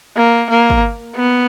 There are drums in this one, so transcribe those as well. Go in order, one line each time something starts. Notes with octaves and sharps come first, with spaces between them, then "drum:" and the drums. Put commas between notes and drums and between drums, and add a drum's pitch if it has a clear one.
A#3
A#3
drum: kick
B3